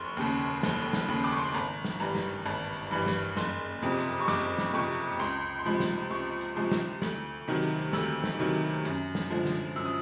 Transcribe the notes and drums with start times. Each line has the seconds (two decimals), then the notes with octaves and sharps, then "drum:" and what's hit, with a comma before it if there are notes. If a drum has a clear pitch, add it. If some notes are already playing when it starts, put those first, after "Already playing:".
Already playing: F1 C6 C#6
0.17 D#2 C#3
0.63 F1, drum: snare
0.93 drum: snare
1.08 D#2 C#3 B5
1.24 D6
1.32 C#6
1.39 C6
1.47 B5
1.54 G#1 A#5, drum: hi-hat
1.85 drum: snare
2.00 G2 E3 G3 A#5
2.15 drum: snare
2.45 G#1 A5
2.76 drum: hi-hat
2.91 G2 E3 G3 B5
3.06 drum: snare
3.37 F#1 C6, drum: snare
3.82 F2 C3
3.98 drum: hi-hat
4.20 C#6
4.28 F#1 D6, drum: snare
4.58 drum: snare
4.74 F2 C3 C#6
5.19 C#2 C6, drum: hi-hat
5.59 C6
5.65 C3 F3 G#3 B5
5.80 drum: snare
6.10 C#2 C#6
6.41 drum: hi-hat
6.56 C3 F3 G#3
6.72 drum: snare
7.02 D2, drum: snare
7.48 C3 D#3 F#3
7.63 drum: hi-hat
7.93 D2 E6, drum: snare
8.24 drum: snare
8.39 C3 D#3 F#3
8.85 F#2, drum: hi-hat
9.15 drum: snare
9.30 D3 F3 G#3
9.45 drum: snare
9.76 F#2 E6
9.85 D#6